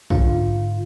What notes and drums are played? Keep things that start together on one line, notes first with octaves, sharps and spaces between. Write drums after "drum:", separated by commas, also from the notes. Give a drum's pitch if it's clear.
G#2 D3 F4, drum: kick